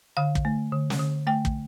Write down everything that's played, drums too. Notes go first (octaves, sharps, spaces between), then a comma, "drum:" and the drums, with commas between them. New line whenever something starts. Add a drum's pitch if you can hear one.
D3 F5
drum: kick
A3
D3
drum: snare
D3
A3 G5
drum: kick